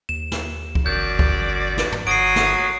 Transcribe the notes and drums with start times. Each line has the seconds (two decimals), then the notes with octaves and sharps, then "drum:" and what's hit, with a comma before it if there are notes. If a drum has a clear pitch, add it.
0.09 D#2 E7
0.32 drum: snare
0.75 drum: kick C#2
0.86 G1 F#2 D5 G6
1.19 drum: kick C#2
1.78 drum: snare
1.92 drum: tom
2.07 G1 F#3 D#6 C7 D7
2.36 drum: snare